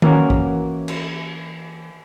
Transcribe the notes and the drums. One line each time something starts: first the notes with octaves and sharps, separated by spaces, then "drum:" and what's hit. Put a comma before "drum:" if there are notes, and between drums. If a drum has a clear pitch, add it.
E3 A#3 C#4 F#4, drum: tom D#3
drum: kick
drum: cymbal